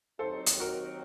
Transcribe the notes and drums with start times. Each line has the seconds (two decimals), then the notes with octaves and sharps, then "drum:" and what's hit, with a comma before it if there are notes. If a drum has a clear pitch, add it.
0.19 D#2 D#3 F#3 C4 D#4 A4 C5
0.46 drum: hi-hat
0.60 F#4 A#4